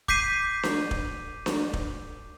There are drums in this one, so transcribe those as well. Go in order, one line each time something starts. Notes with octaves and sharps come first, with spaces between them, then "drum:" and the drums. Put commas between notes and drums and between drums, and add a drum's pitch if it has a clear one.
D6 G6 B6 C7 D#7, drum: kick
drum: snare D4
drum: kick
drum: snare D4
drum: kick